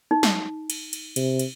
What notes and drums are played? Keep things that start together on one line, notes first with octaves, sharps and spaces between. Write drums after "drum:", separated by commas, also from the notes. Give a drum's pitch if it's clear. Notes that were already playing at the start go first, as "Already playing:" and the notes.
D#4
drum: snare
drum: cymbal
drum: cymbal
C3, drum: cymbal
drum: cymbal